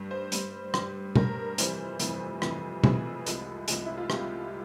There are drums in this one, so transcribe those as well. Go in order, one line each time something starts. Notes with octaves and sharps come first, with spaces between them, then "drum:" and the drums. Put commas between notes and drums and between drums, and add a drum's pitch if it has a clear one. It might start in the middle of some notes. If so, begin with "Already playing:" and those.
Already playing: G2 G3
C5
G2 G3, drum: hi-hat
G2 G3, drum: rim click
G2 G3 A#4, drum: tom
F2 C3 E3 G3 C5, drum: hi-hat
F2 C3 E3 G3, drum: hi-hat
F2 C3 E3 G3, drum: rim click
F2 C3 E3 G3 G#4, drum: tom
C2 C3 F3 G#3, drum: hi-hat
C2 C3 F3 G#3, drum: hi-hat
E4
F4
C2 C3 F3 G#3 G4, drum: rim click